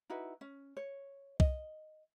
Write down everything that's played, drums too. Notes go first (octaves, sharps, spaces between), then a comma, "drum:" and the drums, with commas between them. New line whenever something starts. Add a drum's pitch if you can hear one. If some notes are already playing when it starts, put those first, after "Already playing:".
D#4 E4 F#4 B4
C#4
C#5
D#5, drum: kick C2